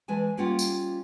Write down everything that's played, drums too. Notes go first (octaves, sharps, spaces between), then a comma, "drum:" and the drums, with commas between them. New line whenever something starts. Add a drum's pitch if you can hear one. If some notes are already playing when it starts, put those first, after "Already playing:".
E3 G#3 G#5 A5
G3 A#3 C#4 F4 F#5 G5
drum: tambourine